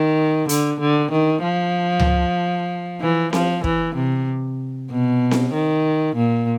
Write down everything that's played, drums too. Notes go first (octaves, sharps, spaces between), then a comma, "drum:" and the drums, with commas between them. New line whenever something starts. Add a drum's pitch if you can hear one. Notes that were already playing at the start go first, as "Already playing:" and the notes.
Already playing: D#3
D3, drum: hi-hat
D3
D#3
F3
drum: tom C#2
E3
F3, drum: snare C4
E3, drum: kick
C3
B2
drum: snare C4
D#3
A#2